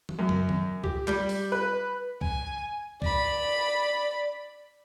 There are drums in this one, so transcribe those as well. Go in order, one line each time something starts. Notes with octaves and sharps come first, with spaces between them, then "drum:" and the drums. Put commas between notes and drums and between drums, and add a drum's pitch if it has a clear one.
drum: tom
F#2
drum: tom
drum: tom D#3
G4, drum: kick
G3, drum: clap
drum: open hi-hat
B4
G#5, drum: kick
D5 B5, drum: kick